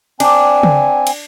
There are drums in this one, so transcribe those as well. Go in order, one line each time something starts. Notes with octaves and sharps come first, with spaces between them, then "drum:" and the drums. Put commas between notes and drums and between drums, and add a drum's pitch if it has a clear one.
C4 D4 G#5, drum: cymbal
drum: tom C#3
drum: cymbal